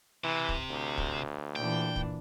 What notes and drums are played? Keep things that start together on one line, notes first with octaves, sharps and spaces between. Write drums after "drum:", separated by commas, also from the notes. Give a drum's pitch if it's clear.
C3 E3
drum: kick
D2
drum: kick
A#2 E3 D4 G5
drum: kick